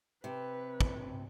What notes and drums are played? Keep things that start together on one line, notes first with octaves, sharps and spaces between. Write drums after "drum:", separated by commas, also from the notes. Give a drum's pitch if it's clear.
C3 B4
drum: kick